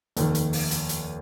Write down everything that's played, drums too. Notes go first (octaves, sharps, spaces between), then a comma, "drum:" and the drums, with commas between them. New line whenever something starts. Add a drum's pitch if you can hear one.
F1 D#2 D#3, drum: hi-hat
drum: hi-hat
drum: open hi-hat
drum: hi-hat
drum: hi-hat